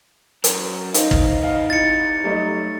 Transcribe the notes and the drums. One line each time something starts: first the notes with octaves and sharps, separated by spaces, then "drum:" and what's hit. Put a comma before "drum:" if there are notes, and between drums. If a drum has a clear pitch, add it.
F#3 C#4, drum: hi-hat
D#4 C5 F5, drum: hi-hat
drum: kick
D#5 F5 F#5
C4 E4 A6 C#7
F#3 G3 A3 D#4